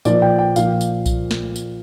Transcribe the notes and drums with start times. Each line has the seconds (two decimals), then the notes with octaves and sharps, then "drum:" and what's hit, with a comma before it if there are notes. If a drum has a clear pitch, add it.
0.05 A#2 F3 D5, drum: tambourine
0.22 G5
0.39 G5
0.56 A#2 F3 F5, drum: tambourine
0.81 drum: tambourine
1.06 drum: kick B1, tambourine
1.31 drum: snare
1.56 drum: tambourine